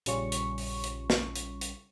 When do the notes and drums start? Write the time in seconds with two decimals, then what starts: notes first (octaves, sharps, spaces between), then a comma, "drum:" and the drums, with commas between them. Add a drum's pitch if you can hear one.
0.06 A#1 C#3 G3 C#4 F4 C#6, drum: hi-hat
0.32 drum: hi-hat
0.58 drum: open hi-hat
0.84 drum: hi-hat
1.10 drum: snare
1.36 drum: hi-hat
1.61 drum: hi-hat